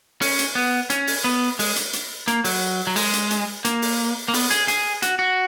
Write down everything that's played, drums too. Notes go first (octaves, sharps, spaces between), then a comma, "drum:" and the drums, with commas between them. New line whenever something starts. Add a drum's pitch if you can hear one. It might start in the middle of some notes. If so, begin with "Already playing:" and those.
C#4, drum: open hi-hat
drum: hi-hat
B3
C#4, drum: hi-hat
drum: open hi-hat
B3
G#3, drum: open hi-hat
drum: hi-hat
drum: hi-hat
A#3, drum: hi-hat
F#3, drum: open hi-hat
F#3
G#3, drum: open hi-hat
drum: hi-hat
drum: hi-hat
A#3, drum: hi-hat
drum: open hi-hat
A#3
B3, drum: open hi-hat
G#4, drum: hi-hat
G#4, drum: hi-hat
F#4, drum: hi-hat
F#4